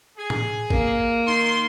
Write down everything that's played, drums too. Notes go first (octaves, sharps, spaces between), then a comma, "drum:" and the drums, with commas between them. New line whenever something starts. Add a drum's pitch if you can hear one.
G#4
drum: tom A2
A#3, drum: kick G#1
D#3 C6